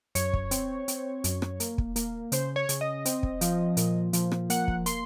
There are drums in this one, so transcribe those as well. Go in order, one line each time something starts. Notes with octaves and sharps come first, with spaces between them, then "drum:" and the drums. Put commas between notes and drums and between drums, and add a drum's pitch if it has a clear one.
F#2 C#5, drum: hi-hat
drum: kick
C4, drum: hi-hat
C4, drum: hi-hat
F#2, drum: hi-hat
drum: rim click
A#3, drum: hi-hat
drum: kick
A#3, drum: hi-hat
C#3 C5, drum: hi-hat
C#5
C#3, drum: hi-hat
D#5
C4, drum: hi-hat
drum: kick
F3, drum: hi-hat
A#2, drum: hi-hat
F3, drum: hi-hat
drum: rim click
A#3 F#5, drum: hi-hat
drum: kick
A#3 C6, drum: hi-hat